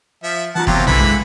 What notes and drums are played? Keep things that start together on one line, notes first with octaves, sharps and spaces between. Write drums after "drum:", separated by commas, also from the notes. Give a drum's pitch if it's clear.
F3 E5
E3 F4 F#5 A5 A#5
E2 C3 F#3 C4 F4 G4, drum: kick F1
D3 E3 B5, drum: tom
G#3